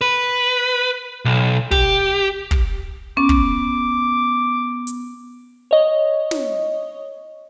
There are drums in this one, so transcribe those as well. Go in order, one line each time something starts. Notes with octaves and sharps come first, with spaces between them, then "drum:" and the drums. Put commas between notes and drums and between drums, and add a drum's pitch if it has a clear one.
B4
B1
G4, drum: kick
drum: kick
B3 C#4 D6
drum: kick
drum: hi-hat
C#5 D#5
drum: snare